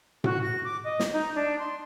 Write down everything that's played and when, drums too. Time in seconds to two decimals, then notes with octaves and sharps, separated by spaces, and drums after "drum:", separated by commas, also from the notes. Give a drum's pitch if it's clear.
0.24 F#4, drum: tom A2
0.42 A#6
0.64 D6
0.84 D#5
1.00 drum: snare
1.12 D#4
1.35 D4
1.58 C6